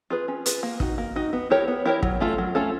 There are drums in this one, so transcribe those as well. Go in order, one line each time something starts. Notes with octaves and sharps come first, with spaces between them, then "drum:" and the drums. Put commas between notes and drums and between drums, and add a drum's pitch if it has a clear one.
F4 G#4 B4
C#4
F4 G#4 B4, drum: hi-hat
A#3
D#4 F#4, drum: kick
A#3
D#4 F#4
B3
E4 G4 A#4 C#5
B3
E4 G4 A#4 C#5
F#3, drum: kick
A3 C#4 F4 A4
F#3
A3 C#4 F4 A4